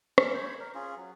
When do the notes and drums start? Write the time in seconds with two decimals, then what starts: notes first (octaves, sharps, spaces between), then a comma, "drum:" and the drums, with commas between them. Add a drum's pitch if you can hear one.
0.18 C#4, drum: rim click
0.34 C5 C#5 B5
0.60 A#4
0.75 C#4 F4 G#4
0.97 F#3